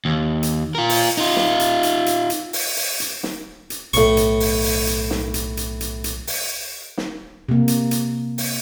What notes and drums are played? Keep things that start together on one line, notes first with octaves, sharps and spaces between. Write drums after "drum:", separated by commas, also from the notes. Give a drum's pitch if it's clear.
D#2
drum: hi-hat
F4 A#4
drum: open hi-hat
D#4 F4
drum: snare
drum: hi-hat
drum: hi-hat
drum: hi-hat
drum: hi-hat
drum: open hi-hat
drum: open hi-hat
drum: hi-hat
drum: snare
drum: hi-hat
B1 A2 C#6, drum: hi-hat
drum: hi-hat
drum: open hi-hat
drum: open hi-hat
drum: hi-hat
drum: snare
drum: hi-hat
drum: hi-hat
drum: hi-hat
drum: hi-hat
drum: open hi-hat
drum: snare
C3 A#3
drum: hi-hat
drum: hi-hat
drum: open hi-hat